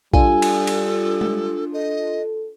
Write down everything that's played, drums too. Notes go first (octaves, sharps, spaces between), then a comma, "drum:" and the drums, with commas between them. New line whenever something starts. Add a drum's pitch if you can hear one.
G3 D4 F4 A4 G#5, drum: kick A#1
drum: cymbal
drum: cymbal
drum: tom G#3
A4 D#5